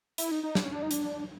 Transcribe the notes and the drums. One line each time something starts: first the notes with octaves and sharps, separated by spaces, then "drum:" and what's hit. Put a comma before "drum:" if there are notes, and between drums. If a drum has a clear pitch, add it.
E4, drum: hi-hat
D#4
D#4
D4, drum: snare
C#4
D4
D#4
D4, drum: hi-hat